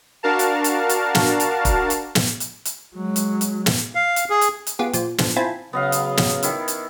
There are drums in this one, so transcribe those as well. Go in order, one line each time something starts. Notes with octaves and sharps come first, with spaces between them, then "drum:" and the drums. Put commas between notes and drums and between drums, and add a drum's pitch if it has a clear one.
D4 F#4 A#4 F5 A5
drum: hi-hat
drum: hi-hat
drum: hi-hat
drum: snare
drum: hi-hat
drum: kick, hi-hat
drum: hi-hat
drum: snare
drum: hi-hat
drum: hi-hat
F#3 G#3
drum: hi-hat
drum: hi-hat
drum: snare
F5
drum: hi-hat
G#4
drum: hi-hat
drum: hi-hat
B3 F4 G4 G#4
A#2 F3, drum: hi-hat
D3 F3, drum: snare
C4 E4 F4 G#5 A5 B5
C#3 F#3 B3 D#5 F5
drum: hi-hat
drum: snare
D#3 E4, drum: hi-hat
drum: hi-hat